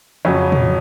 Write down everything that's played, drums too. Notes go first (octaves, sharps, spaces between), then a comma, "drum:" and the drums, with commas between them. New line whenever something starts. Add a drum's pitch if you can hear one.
F2 C#3 F3 F#3 C#4
drum: tom